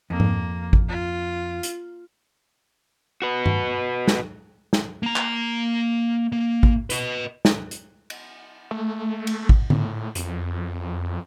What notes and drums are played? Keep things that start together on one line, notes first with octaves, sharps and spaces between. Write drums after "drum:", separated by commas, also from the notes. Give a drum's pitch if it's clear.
F2 A#3
drum: tom G#2
drum: kick G#1
F4
drum: hi-hat
F#4 B4
drum: tom G2
drum: snare
drum: snare
A#3 A#5
drum: clap
A#3
drum: kick G#1
B4 D#5, drum: hi-hat
drum: snare
drum: hi-hat
drum: cymbal
A3
drum: cymbal
drum: kick G#1
A2, drum: tom D3
F2, drum: hi-hat